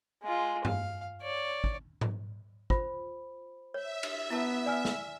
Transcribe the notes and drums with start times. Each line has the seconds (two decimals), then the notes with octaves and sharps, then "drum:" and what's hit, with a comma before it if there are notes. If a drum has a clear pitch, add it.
0.22 G#3 F4
0.65 F5, drum: tom G2
1.22 C#5 D5
1.64 drum: kick
2.01 drum: tom G#2
2.70 F4 C5 B5, drum: kick
3.74 C#5 E5
4.03 drum: cymbal
4.30 B3 E4 A5 E6
4.66 D5 G#5 F6
4.85 drum: snare